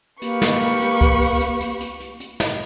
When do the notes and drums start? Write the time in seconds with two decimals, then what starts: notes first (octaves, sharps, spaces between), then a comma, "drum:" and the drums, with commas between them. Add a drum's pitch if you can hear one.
0.22 A#3 G4 B4 C#6, drum: hi-hat
0.42 drum: snare
0.81 drum: hi-hat
1.01 drum: kick C#2, hi-hat
1.21 drum: open hi-hat
1.41 drum: hi-hat
1.61 drum: hi-hat
1.80 drum: hi-hat
2.00 drum: hi-hat
2.20 drum: hi-hat
2.40 drum: snare